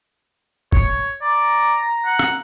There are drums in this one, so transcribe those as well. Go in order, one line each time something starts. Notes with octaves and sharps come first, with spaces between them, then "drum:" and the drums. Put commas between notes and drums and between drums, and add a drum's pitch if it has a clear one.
C#5, drum: kick
D5 A#5
F#5
drum: rim click